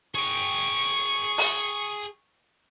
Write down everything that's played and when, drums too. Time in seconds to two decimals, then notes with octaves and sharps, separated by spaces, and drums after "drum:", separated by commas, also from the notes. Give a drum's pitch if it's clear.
0.15 G#4 G5 C#6
1.38 drum: open hi-hat